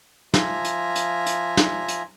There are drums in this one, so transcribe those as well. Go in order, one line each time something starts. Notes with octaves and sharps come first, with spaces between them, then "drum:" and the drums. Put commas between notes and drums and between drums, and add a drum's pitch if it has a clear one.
F3 F4 E5 G#5 A#5, drum: snare
drum: hi-hat
drum: hi-hat
drum: hi-hat
drum: snare
drum: hi-hat